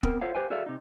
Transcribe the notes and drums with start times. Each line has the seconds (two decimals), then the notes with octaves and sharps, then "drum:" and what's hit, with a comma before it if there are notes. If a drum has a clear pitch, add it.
0.03 B3 C4 A#4, drum: kick
0.21 F4 A4 C5 C#5 F5 F#5
0.35 G4 B4 C5 F5 G5 G#5
0.50 F#4 G#4 A4 D5 E5 F5
0.66 C3 D#4